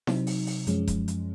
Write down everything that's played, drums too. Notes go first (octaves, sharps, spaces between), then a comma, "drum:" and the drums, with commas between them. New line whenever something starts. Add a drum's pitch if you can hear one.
C3 F#3 C4 D#4, drum: snare E4
drum: open hi-hat
drum: open hi-hat
F#2 F3 G#3 C#4, drum: hi-hat
drum: kick D#1, hi-hat
drum: hi-hat